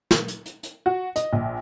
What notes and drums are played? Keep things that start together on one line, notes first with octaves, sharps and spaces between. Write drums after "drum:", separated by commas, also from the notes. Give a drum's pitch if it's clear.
drum: snare
drum: hi-hat
drum: hi-hat
drum: hi-hat
F#4
D#5, drum: hi-hat
A#1